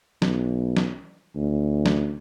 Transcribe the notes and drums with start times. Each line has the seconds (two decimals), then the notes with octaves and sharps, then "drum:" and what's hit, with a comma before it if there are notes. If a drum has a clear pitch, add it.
0.22 B1, drum: snare
0.77 drum: snare
1.36 D2
1.86 drum: snare